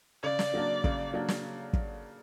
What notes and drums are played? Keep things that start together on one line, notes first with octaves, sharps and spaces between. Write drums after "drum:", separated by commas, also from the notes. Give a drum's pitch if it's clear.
C#3 D5
drum: snare
F#3 A#3 D4
C#3, drum: kick
F#3 A#3 D4
drum: snare
drum: kick